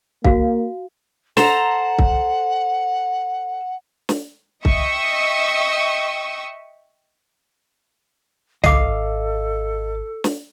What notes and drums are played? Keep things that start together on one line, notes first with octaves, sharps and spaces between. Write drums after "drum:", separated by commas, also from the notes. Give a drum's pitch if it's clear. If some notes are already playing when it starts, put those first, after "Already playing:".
A#3 F#4 F5, drum: kick C2
A4 C5 F#5 A#5, drum: snare
drum: kick C2
drum: snare
D#5 E5 G5 C#6 D#6 E6, drum: kick C2
G#1 A4 D#5 F5 D6 C7, drum: tom
drum: snare